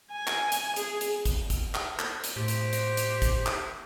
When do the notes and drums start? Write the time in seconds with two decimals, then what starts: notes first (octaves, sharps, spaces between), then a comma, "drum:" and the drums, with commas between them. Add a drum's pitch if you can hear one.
0.12 G#5
0.27 drum: clap
0.52 drum: hi-hat
0.76 G#4, drum: hi-hat
1.01 drum: hi-hat
1.25 drum: kick, hi-hat
1.50 drum: kick, hi-hat
1.75 drum: clap
1.99 drum: clap
2.24 drum: hi-hat
2.36 A2 G4 C5
2.48 drum: hi-hat
2.73 drum: hi-hat
2.97 drum: hi-hat
3.22 drum: kick, hi-hat
3.46 drum: clap